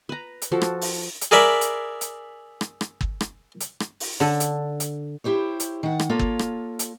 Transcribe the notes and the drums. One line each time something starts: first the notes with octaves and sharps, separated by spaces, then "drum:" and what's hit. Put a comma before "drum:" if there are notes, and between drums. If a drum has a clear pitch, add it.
B4 A#5
drum: hi-hat
F3 F#4 A4
drum: rim click
drum: open hi-hat
drum: hi-hat
G#4 A#4 D5 E5 B5
drum: hi-hat
drum: hi-hat
drum: rim click
drum: rim click
drum: kick
drum: rim click
drum: hi-hat
drum: rim click
drum: open hi-hat
D3 A4
drum: hi-hat
drum: hi-hat
E4 G4 C5 C#5
drum: hi-hat
D#3 F#5
drum: rim click
A#3 F4 A4 C#5
drum: kick
drum: rim click
drum: hi-hat